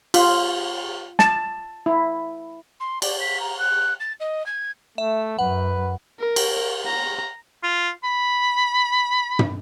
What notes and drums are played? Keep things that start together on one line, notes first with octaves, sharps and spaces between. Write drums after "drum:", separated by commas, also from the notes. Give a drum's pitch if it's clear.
F4, drum: cymbal
A5, drum: snare
E4
C6
D5, drum: cymbal
B6
A#5
F#6
A6
D#5
G#6
A3 E5
F#2 B4 F#5
A#4
drum: cymbal
A#5
F4
B5
drum: tom